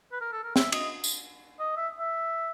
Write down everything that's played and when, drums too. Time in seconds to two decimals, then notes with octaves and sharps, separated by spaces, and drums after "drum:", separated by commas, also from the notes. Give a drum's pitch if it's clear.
0.12 B4
0.21 A#4
0.32 A4
0.44 A#4
0.56 E5, drum: snare
0.72 D#5, drum: cymbal
1.04 drum: tambourine
1.59 D#5
1.76 E5
1.99 E5